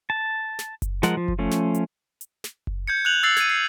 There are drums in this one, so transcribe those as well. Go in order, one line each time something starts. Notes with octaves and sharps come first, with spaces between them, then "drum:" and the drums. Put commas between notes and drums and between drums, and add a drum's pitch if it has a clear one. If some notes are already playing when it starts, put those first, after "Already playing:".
A5
drum: snare
drum: kick F#1, hi-hat
F3 G#3 A#4 F#5, drum: snare
F3
drum: kick F#1
F3 A3 C#4
drum: snare
drum: hi-hat
drum: hi-hat
drum: snare
drum: kick F#1
G6 G#6 C#7
F#6 G6 F7 F#7
E6 A6 C7 F#7
G#6 D#7, drum: snare
C7